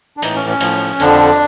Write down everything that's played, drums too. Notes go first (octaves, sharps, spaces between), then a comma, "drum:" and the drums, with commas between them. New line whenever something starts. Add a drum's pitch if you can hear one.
D4
A2 E3 D#4, drum: hi-hat
C#4
C#4
A2 F3, drum: hi-hat
F2 D3 F3 D4, drum: hi-hat